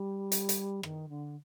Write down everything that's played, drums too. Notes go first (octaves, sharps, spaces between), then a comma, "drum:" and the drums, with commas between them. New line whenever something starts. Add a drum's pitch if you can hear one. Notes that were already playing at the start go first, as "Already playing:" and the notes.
Already playing: G3
drum: hi-hat
drum: hi-hat
D#3, drum: rim click
D3